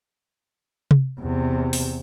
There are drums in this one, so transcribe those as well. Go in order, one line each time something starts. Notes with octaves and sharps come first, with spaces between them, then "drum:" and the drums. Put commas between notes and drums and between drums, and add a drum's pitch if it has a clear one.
drum: tom C3
E2 C3
drum: open hi-hat